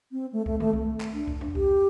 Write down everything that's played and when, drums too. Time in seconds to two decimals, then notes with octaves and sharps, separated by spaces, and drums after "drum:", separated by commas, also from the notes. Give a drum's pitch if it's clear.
0.12 C4
0.33 A3
0.46 A3, drum: kick C2
0.60 A3, drum: tom D#3
0.73 drum: kick C2
1.00 drum: clap
1.13 D4
1.28 drum: kick C2
1.41 drum: tom E2
1.55 G4, drum: kick C2